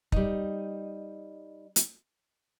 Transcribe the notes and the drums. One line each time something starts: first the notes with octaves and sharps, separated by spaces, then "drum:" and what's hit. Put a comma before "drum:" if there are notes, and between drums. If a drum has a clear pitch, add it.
G3 D#4, drum: kick
drum: hi-hat